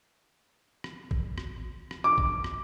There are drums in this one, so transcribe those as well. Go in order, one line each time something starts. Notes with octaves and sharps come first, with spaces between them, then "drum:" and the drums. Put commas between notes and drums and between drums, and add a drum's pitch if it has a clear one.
drum: rim click
drum: kick A1
drum: rim click
drum: rim click
D6
drum: kick A1
drum: rim click